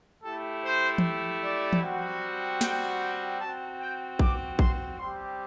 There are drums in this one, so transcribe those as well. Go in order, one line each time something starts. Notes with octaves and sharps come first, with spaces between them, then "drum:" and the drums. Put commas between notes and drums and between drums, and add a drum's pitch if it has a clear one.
A3 E4 G4 A4
C5
drum: tom E3
D5
drum: tom E3
G3 C4 F#4
G5, drum: snare
G5
C4 F#4 A5
G5
D6, drum: kick A1
C6, drum: kick A1
G3 C4 G4 C6